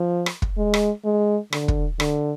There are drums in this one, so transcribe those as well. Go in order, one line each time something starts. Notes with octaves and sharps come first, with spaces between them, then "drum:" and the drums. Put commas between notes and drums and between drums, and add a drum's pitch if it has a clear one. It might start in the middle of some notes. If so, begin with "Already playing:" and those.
Already playing: F3
drum: rim click
drum: kick
G#3
drum: rim click
G#3
D3, drum: rim click
drum: kick
D3, drum: rim click